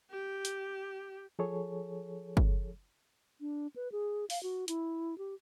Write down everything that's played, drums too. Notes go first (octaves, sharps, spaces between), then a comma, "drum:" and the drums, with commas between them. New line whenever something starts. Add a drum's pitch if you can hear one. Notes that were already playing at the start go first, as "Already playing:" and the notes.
G4
drum: hi-hat
F3 G#4 A4 C#5
drum: kick
D4
B4
G#4
F5, drum: open hi-hat
F#4
E4, drum: hi-hat
G4